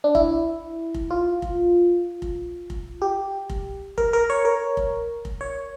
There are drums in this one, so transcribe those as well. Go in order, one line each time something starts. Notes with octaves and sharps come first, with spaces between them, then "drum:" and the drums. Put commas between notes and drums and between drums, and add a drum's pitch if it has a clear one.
D4
E4, drum: kick F1
drum: kick F1
F4
drum: kick F1
drum: kick F1
drum: kick F1
G4
drum: kick F1
A#4, drum: kick F1
A#4
C#5
A#4
drum: kick F1
drum: kick F1
C#5